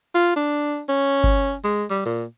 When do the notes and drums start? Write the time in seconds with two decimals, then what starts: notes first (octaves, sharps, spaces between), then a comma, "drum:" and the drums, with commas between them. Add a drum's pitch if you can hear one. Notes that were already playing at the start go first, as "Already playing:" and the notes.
0.15 F4
0.36 D4
0.89 C#4
1.24 drum: kick G1
1.64 G#3
1.90 G3
2.06 A#2